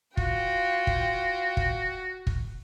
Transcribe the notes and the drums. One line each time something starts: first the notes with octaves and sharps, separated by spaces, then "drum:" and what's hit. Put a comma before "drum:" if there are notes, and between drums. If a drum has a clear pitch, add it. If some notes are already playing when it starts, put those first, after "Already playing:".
F4 F#4 G5, drum: kick
drum: kick
drum: kick
drum: kick